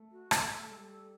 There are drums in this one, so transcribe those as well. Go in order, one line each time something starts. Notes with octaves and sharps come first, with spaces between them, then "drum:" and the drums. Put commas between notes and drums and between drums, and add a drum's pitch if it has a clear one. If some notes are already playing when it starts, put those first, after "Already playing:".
Already playing: A3
F#4
A3 A4, drum: rim click
A4
G3 A4
A4